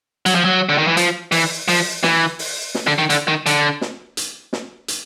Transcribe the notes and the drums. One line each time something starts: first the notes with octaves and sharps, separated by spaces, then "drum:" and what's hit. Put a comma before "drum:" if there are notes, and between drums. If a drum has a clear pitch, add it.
F#3, drum: hi-hat
F3
F#3
D3
D#3
E3
F3, drum: hi-hat
E3, drum: open hi-hat
F3, drum: open hi-hat
E3, drum: snare
drum: open hi-hat
drum: snare
D3
D#3
D3, drum: hi-hat
D#3
D3, drum: hi-hat
drum: snare
drum: hi-hat
drum: snare
drum: hi-hat